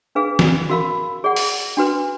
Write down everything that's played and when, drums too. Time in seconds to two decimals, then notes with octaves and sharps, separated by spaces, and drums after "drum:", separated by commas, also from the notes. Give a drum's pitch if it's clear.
0.15 D4 G#4 B4 F5
0.39 drum: snare
0.70 F#4 A#4 F5 B5
1.24 G#4 D5 F#5
1.36 drum: open hi-hat
1.77 D4 F#4 B4